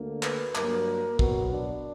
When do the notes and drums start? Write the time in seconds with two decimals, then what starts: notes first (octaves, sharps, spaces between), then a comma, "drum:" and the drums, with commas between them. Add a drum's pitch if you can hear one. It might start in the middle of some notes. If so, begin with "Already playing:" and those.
Already playing: D2 D3 A#3
0.23 B4, drum: clap
0.55 G2 F#3 A#3 A#4, drum: clap
1.19 B2 F#3 B3 F#4, drum: kick
1.52 D4